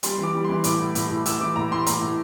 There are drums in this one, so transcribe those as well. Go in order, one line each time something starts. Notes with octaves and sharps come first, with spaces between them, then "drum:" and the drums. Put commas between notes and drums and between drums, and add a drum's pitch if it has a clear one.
G3 C6, drum: hi-hat
E3
D6
G3
C6
E3
A2 D6, drum: hi-hat
A2
A2, drum: hi-hat
A2
A2 E6, drum: hi-hat
E3 D6
A2 A#5
A2 C6
A2 A#5, drum: hi-hat
A2